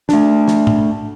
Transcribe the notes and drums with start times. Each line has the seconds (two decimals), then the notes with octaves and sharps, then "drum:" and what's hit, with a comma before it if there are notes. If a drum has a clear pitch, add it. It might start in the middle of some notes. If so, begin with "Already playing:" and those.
0.09 A3 D4, drum: snare
0.48 drum: snare
0.67 drum: tom G#2